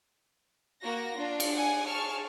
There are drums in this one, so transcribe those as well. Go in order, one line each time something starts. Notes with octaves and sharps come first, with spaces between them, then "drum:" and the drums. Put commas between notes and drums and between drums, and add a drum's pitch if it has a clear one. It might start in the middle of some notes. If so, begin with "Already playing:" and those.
A#3 F#4 A#6
D4 F4
drum: cymbal
F#5 G#5
G#4 A5 C#6 F6